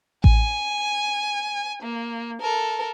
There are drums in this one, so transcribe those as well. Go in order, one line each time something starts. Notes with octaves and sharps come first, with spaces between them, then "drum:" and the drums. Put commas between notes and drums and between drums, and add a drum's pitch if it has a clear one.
G#5, drum: kick A1
A#3
A4 A#4